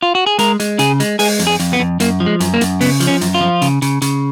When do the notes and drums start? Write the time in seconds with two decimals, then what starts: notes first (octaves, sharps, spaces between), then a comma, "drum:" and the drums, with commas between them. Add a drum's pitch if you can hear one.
0.02 F4
0.15 F#4
0.26 G#4
0.39 G#3 A#4, drum: hi-hat
0.60 G#3, drum: hi-hat
0.79 C#3 G#4, drum: hi-hat
1.00 G#3, drum: hi-hat
1.19 G#3 G#4, drum: open hi-hat
1.39 F2, drum: hi-hat
1.47 G#4
1.60 F2, drum: hi-hat
1.73 B3
1.80 F2
2.00 F#2 A#3, drum: hi-hat
2.20 F3
2.26 G#3
2.40 F#2, drum: hi-hat
2.54 A#3
2.61 F#2, drum: hi-hat
2.81 C#3 B3, drum: open hi-hat
3.00 F3, drum: hi-hat
3.07 C#4
3.21 F#2, drum: hi-hat
3.34 F4
3.41 F3
3.62 C#3, drum: hi-hat
3.82 C#3, drum: hi-hat
4.02 C#3, drum: hi-hat